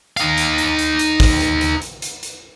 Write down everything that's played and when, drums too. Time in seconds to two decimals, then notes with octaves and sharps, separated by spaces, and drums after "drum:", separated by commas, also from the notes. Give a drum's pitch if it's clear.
0.17 D#4 F5, drum: hi-hat
0.38 drum: hi-hat
0.58 drum: hi-hat
0.79 drum: hi-hat
0.99 drum: hi-hat
1.20 drum: kick, open hi-hat
1.40 drum: hi-hat
1.61 drum: hi-hat
1.82 drum: hi-hat
2.02 drum: hi-hat
2.23 drum: hi-hat